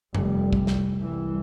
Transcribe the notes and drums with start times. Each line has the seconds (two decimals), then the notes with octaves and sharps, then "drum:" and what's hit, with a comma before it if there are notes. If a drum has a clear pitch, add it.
0.15 F1 G3, drum: tom F#2
0.53 drum: kick
0.67 C2, drum: snare
1.01 C2 E3